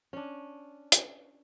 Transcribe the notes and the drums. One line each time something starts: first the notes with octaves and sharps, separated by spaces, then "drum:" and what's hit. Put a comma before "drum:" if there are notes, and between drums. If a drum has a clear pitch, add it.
C#4 D4
drum: hi-hat